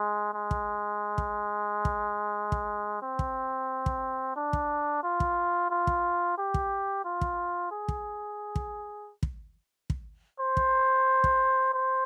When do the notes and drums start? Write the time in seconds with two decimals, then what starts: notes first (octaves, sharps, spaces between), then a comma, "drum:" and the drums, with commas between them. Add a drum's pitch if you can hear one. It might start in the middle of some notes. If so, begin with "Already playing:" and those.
Already playing: G#3
0.34 G#3
0.51 drum: kick
1.18 drum: kick
1.85 drum: kick
2.52 drum: kick
3.02 C4
3.19 drum: kick
3.86 drum: kick
4.36 D4
4.53 drum: kick
5.04 F4
5.20 drum: kick
5.71 F4
5.87 drum: kick
6.38 G4
6.54 drum: kick
7.05 F4
7.21 drum: kick
7.71 G#4
7.88 drum: kick
8.56 drum: kick
9.23 drum: kick
9.90 drum: kick
10.40 C5
10.57 drum: kick
11.24 drum: kick
11.74 C5